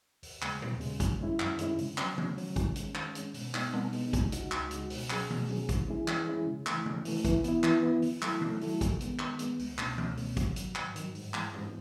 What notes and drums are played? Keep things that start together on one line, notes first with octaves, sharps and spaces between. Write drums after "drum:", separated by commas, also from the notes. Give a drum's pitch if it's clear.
D#2, drum: open hi-hat
C#3 G#3, drum: clap
D#2, drum: tom A#2
C#3 G#3, drum: open hi-hat
F#2, drum: kick G#1, hi-hat
D#3 G#3 C#4 E4
F#2, drum: clap
D#3 G#3 C#4 E4, drum: hi-hat
C#3, drum: open hi-hat
F#3 C#4, drum: clap
C#3, drum: tom D#3
F#3 C#4, drum: open hi-hat
D#3, drum: kick G#1, hi-hat
G#3 C#4, drum: hi-hat
D#3, drum: clap
G#3 C#4, drum: hi-hat
B2, drum: open hi-hat
G#3 B3 D#4, drum: clap
B2, drum: tom G3
G#3 B3 D#4, drum: open hi-hat
C#2, drum: kick G#1, hi-hat
C#3 G#3 D#4 F#4, drum: hi-hat
C#2, drum: clap
C#3 G#3 D#4 F#4, drum: hi-hat
B2, drum: open hi-hat
F#3 C#4 G#4, drum: clap
B2, drum: tom D#3
F#3 C#4 G#4, drum: open hi-hat
E3, drum: kick G#1, hi-hat
G#3 C#4 E4 G#4
E3, drum: clap
G#3 C#4 E4 G#4
C#3
E3 A3, drum: clap
C#3, drum: tom D#3
E3 A3, drum: open hi-hat
E3, drum: kick G#1, hi-hat
B3 E4, drum: hi-hat
E3, drum: clap
B3 E4
D#3, drum: open hi-hat
F#3 A3 E4 A4, drum: clap
D#3, drum: tom D#3
F#3 A3 E4 A4, drum: open hi-hat
D#3, drum: kick G#1, hi-hat
G#3 B3, drum: hi-hat
D#3, drum: clap
G#3 B3, drum: hi-hat
C#2, drum: open hi-hat
B2 A3 C#4, drum: clap
C#2, drum: tom D#3
B2 A3 C#4, drum: open hi-hat
G#2, drum: kick G#1, hi-hat
D#3 F#3, drum: hi-hat
G#2, drum: clap
D#3 F#3, drum: hi-hat
G#2, drum: open hi-hat
E3 G#3, drum: clap
G#2, drum: tom